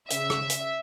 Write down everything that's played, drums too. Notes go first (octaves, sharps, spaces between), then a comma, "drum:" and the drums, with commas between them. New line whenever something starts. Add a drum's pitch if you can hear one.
C#3 E5, drum: hi-hat
drum: rim click
drum: hi-hat